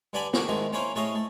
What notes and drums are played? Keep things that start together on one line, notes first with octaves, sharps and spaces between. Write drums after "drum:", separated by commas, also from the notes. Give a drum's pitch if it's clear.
G2 D3 D4 D5 G#5 B5
A#3 F#4 A4 D5, drum: snare
G#2 D#3 G#3 A3
A#3 C#4 E4 C5 C#5 F5
A2 A3 C#4 G#4 D#5 F5
A3